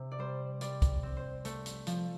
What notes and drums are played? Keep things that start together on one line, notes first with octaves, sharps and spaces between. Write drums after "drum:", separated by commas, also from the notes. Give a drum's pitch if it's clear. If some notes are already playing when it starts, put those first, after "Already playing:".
Already playing: C3
D5
G3 C5
G3 D5, drum: hi-hat
drum: kick, hi-hat
C4
C5
A3, drum: hi-hat
drum: hi-hat
F3, drum: hi-hat